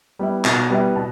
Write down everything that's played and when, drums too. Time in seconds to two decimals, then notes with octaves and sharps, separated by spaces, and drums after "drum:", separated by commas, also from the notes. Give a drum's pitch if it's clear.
0.19 G3 B3 E4
0.45 B2, drum: clap
0.70 G3 B3 E4
0.96 B2 A5